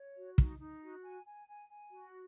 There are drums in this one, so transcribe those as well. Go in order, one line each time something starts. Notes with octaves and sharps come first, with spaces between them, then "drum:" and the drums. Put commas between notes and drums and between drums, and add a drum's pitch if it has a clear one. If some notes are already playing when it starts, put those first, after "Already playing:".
Already playing: C#5
F#4
D#4, drum: kick
D#4
F#4
G#5
G#5
G#5
G#5
F#4